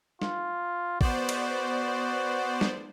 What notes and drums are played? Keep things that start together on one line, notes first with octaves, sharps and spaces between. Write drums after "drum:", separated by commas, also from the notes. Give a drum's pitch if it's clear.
F4, drum: snare
B3 F#4 C5 D5, drum: kick
drum: cymbal
drum: snare